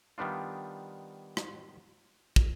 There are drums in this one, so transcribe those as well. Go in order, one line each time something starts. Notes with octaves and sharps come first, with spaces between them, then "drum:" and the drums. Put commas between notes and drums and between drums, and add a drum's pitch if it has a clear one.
D#3 G3 B3 D4 F4
drum: rim click
drum: kick